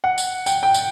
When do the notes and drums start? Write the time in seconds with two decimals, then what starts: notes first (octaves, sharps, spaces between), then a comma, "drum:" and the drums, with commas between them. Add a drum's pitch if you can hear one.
0.04 F#5
0.18 drum: tambourine
0.46 G5, drum: tambourine
0.63 G5
0.74 drum: tambourine